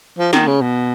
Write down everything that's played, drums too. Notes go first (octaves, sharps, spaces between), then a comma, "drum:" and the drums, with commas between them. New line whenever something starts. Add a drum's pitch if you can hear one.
F3
D#3, drum: snare
C#3
B2